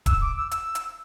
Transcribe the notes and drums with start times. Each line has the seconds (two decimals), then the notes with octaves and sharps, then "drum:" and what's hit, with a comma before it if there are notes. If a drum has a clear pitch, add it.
0.06 E6, drum: kick D1, hi-hat
0.21 D6
0.37 E6
0.51 E6, drum: hi-hat
0.75 drum: hi-hat